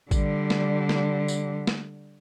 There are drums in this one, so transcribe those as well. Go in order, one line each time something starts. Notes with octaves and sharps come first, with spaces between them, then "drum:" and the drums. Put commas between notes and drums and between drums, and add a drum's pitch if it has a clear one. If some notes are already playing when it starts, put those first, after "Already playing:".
D3 G3, drum: kick A1, tambourine
drum: snare A3
drum: snare A3
drum: tambourine
drum: snare A3